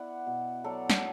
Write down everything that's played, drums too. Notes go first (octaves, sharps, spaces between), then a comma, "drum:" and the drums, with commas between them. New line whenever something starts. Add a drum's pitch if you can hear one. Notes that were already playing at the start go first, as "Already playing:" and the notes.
Already playing: B3 E4 D5 F#5
B2
F#3 A4 D5
drum: snare